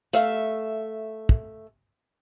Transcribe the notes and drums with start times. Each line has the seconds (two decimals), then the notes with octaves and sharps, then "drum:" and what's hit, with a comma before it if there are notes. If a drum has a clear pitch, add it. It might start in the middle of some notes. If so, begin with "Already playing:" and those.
0.13 A3 E5 F5, drum: hi-hat
1.29 drum: kick